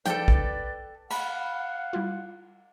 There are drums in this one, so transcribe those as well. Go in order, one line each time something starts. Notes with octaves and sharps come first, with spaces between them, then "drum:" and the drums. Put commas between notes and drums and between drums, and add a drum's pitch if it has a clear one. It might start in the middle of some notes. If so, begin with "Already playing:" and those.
F3 D#4 A4 B4 D5 G5, drum: hi-hat
drum: kick A#1
F5 F#5 B5, drum: cymbal
G3 E4 F4